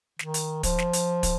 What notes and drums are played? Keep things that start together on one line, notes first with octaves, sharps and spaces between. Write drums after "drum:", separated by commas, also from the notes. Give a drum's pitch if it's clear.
D#3, drum: snare
drum: hi-hat
F3, drum: kick, hi-hat
drum: snare
drum: hi-hat
drum: kick, hi-hat